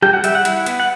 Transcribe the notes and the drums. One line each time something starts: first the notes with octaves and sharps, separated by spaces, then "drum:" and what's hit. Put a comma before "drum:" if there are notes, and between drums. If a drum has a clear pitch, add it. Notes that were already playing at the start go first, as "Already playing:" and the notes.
G3 G5, drum: rim click
F#5
G3 E5, drum: hi-hat
F#5
E4, drum: hi-hat
B3, drum: hi-hat
F#5